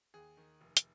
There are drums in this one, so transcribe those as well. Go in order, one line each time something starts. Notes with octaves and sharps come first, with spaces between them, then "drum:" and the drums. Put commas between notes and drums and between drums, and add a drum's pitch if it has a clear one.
D#2 G#4
D#3
F1
drum: hi-hat